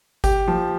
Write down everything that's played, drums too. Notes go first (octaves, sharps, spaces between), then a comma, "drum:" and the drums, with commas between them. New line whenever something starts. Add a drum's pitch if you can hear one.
G4, drum: kick G#1, tambourine
F3